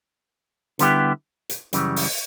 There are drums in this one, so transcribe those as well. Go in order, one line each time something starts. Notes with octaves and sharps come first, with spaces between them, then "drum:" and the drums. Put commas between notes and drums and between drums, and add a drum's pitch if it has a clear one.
D3 G3 B3 E4 G4, drum: hi-hat
drum: hi-hat
F#2 C#3 E3 G3, drum: hi-hat
drum: open hi-hat